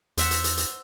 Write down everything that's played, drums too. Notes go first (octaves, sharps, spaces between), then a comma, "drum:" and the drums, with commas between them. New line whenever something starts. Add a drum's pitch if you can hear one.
E2 C5 E5 F#5, drum: hi-hat
drum: hi-hat
drum: hi-hat
drum: hi-hat